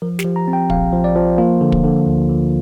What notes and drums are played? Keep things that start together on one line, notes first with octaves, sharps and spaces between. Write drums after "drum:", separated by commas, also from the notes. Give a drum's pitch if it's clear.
F3 A#4
G4, drum: snare
F3
A#5
C4
G5
A#1 F5, drum: kick
F3
D5
F3
A#3 F4
D3
drum: kick
D3
D2
D3